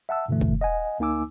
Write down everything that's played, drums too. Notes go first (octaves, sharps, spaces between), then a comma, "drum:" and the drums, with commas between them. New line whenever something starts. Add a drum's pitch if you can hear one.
E5 F#5 A5 E6
G2 B2 D3 E3 A3
drum: kick
D#5 F#5 G#5
D2 A#3 D#4 G#5 D6 E6